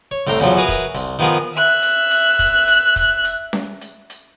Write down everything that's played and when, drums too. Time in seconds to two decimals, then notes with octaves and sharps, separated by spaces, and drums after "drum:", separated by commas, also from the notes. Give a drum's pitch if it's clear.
0.11 C#5
0.27 C2 A2 G5 A#5 C6
0.40 E2 C#3 F3 F#3, drum: hi-hat
0.57 F#4 G#4 A#4 B4 E5 A#5
0.68 drum: kick, hi-hat
0.95 C2, drum: hi-hat
1.19 D#3 F3 B3 G#4 A#4
1.55 E5 F#6
1.82 drum: hi-hat
2.11 drum: hi-hat
2.39 drum: kick, hi-hat
2.68 drum: hi-hat
2.96 drum: kick, hi-hat
3.24 drum: hi-hat
3.53 drum: snare C#4
3.81 drum: hi-hat
4.10 drum: hi-hat